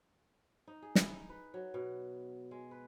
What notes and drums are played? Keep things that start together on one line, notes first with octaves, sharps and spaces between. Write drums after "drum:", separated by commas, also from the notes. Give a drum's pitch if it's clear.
D#4
G#4
E4, drum: snare
D#4
B4
F#3
B2
G#3
B4